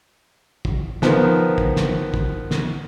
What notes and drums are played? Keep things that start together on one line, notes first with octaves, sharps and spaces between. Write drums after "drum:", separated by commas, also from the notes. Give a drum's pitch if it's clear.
drum: kick
D#3 F3 B3, drum: snare
drum: kick
drum: snare
drum: kick
drum: snare